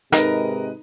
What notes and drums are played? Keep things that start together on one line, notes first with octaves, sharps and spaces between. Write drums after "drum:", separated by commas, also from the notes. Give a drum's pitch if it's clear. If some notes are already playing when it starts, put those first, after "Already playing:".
G#2 C3 G#3 D#4 A#4 B4 D#5, drum: rim click